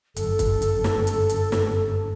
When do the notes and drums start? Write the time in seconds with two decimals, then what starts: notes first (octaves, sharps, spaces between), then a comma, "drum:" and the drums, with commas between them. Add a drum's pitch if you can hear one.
0.16 G1 F#2 A4, drum: hi-hat
0.39 drum: kick, hi-hat
0.62 drum: hi-hat
0.84 drum: snare
1.07 drum: hi-hat
1.29 drum: hi-hat
1.52 drum: snare